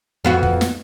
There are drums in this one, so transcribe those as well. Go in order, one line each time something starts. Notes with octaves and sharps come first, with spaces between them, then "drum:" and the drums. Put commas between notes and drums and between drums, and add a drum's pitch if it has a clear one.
F2 B3 F#4
drum: kick
drum: snare